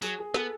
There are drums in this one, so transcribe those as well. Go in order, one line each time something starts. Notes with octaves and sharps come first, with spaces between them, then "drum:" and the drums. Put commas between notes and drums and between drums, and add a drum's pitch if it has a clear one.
F#3 G#4, drum: tambourine
G#4
B3 A4, drum: snare